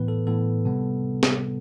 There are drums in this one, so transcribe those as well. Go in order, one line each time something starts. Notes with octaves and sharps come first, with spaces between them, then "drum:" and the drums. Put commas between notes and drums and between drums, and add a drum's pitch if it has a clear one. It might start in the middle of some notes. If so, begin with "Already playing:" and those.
Already playing: A2 E3 B3 B4
A4
A2 E3 B3 A4
C3 G3 B3
drum: snare